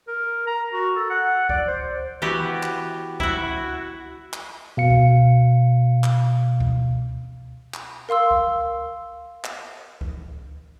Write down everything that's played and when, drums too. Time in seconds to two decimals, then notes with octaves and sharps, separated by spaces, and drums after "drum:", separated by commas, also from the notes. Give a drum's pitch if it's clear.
0.08 A#4
0.47 A#5
0.73 F#4
0.96 A4
1.10 F#5
1.49 D5, drum: kick C#2
1.67 C5
2.22 E3 B3 F#4 G4
2.63 drum: clap
3.20 E4 F#4, drum: kick C#2
4.33 drum: clap
4.77 B2 F5 C#7
4.90 drum: kick C#2
6.04 drum: clap
6.60 drum: kick C#2
7.74 drum: clap
8.09 A#4 F5 C6 E6
8.31 drum: kick C#2
9.44 drum: clap
10.01 drum: kick C#2